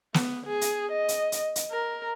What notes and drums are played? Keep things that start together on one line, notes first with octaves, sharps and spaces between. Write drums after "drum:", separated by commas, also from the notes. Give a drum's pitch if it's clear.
B3, drum: snare
G#4
drum: hi-hat
D#5
drum: hi-hat
drum: hi-hat
drum: hi-hat
A#4